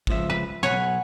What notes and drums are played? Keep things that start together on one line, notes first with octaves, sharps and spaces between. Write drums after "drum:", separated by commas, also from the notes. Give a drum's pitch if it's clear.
C#2 F3 E5, drum: kick
B4
B1 C#5 F#5 G#5 B5